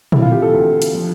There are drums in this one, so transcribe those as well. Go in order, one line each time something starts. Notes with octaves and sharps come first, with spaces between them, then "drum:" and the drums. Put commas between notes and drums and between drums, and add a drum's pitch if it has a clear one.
D2 C3 E3 E4, drum: tom A#2
F4
G4
A4
D2 C3 E3
drum: hi-hat
D3 F3